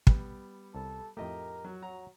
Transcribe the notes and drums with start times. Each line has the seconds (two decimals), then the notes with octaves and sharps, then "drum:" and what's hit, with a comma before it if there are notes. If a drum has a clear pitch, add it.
0.07 G3 B3, drum: kick
0.75 C2 A4
1.17 F2 A2 A3 G4 A#4 D#5
1.64 F#3
1.83 F#3 A#5